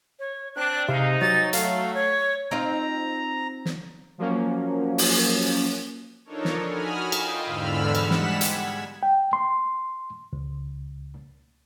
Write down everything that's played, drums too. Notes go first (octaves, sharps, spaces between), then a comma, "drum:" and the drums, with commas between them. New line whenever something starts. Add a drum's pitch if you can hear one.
C#5
C4 D4 F#6
G#2 C3 G#3 D#4 F5
F#3 A6
A3 F5, drum: hi-hat
C#5
C4 D#4 F4 A#5
drum: snare
F3 F#3 A#3 C#4
drum: open hi-hat
F3 D4 D#4 A4 A#4 C#5
drum: snare
F#4 G#5 B5 D#6 F6
F4 D#5 F5 G5, drum: cymbal
E2 G#2 D3 B5 E6 F6
G3 G#3 F#5 B6 E7, drum: cymbal
drum: snare
G#6, drum: hi-hat
G5
C6
C#2